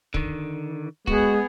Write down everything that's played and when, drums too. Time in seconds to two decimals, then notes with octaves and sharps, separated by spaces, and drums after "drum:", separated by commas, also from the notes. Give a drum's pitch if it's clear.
0.14 D3 D#3, drum: kick
1.07 G#3 B3 F#4 G#4, drum: kick